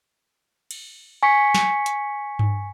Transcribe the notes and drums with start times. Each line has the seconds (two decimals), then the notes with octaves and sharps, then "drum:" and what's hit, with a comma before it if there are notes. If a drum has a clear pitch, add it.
0.71 drum: cymbal
1.23 G#5 C#6 B6 C#7
1.55 drum: snare
1.86 drum: hi-hat
2.39 drum: tom G2